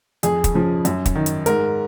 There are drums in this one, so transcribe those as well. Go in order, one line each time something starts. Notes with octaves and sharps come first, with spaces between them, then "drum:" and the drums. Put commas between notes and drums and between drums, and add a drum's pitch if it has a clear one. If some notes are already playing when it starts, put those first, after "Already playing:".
F2 G#4, drum: hi-hat
drum: kick, hi-hat
C#3 F3
F#2, drum: hi-hat
drum: kick, hi-hat
D#3
drum: hi-hat
G#2 A#4, drum: hi-hat